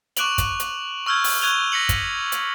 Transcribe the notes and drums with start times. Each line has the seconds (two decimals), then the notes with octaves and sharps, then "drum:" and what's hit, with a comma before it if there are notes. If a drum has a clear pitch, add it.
0.17 C#6 D6 F#6 D7 F7 F#7, drum: hi-hat
0.38 drum: kick, hi-hat
0.60 drum: hi-hat
1.06 C#6 E6 F6 G6 G#6
1.24 drum: open hi-hat
1.42 C#6 F#6 G#6 D#7 F7 G7
1.72 A#6 B6 C#7 F#7
1.89 drum: kick, hi-hat
2.32 drum: hi-hat